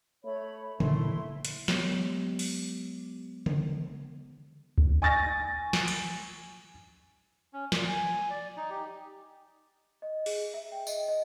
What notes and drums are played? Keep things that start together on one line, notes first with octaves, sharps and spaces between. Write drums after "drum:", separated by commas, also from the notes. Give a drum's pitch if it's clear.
A3 C#5 B5
A#2 A3 E4 C6, drum: tom C#3
drum: hi-hat
F#3 G#3 B3 G4 C#5, drum: snare
drum: open hi-hat
drum: tom C#3
drum: kick D2
G#5 C#6 A6 A#6
drum: snare
drum: cymbal
C#4
A#2, drum: snare
G#5
D5
D#4
G4
D#5
G#4, drum: open hi-hat
E5
G5
D#5, drum: tambourine
D#5